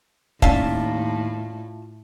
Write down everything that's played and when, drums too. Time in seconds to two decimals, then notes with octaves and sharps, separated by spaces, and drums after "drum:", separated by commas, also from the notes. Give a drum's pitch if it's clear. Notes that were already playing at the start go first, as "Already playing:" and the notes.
0.42 D#2 A2 C#4 D4 F4 E5 F5 A5, drum: kick